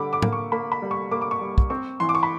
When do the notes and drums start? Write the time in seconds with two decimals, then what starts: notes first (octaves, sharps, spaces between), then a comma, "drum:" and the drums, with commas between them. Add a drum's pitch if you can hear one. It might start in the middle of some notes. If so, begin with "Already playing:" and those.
Already playing: D3 G3 F#5 B5 D6
0.13 D6
0.22 A#3, drum: tom A2
0.33 C#6
0.52 A#3 B5
0.72 B5
0.82 G3
0.91 C#6
1.11 A#3 D6
1.21 D6
1.31 C#6
1.41 G3
1.58 drum: kick
1.70 C4 C#6
2.00 E3 C6
2.09 D6
2.15 C#6
2.23 B5